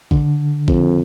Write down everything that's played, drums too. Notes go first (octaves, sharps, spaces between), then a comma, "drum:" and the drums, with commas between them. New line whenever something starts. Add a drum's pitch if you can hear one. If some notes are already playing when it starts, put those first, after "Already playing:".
D3, drum: kick A1
F2, drum: kick A1